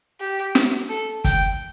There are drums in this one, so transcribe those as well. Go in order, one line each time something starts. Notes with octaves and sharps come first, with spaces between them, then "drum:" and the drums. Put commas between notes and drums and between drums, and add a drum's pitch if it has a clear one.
G4
drum: snare
A4
G5, drum: kick, hi-hat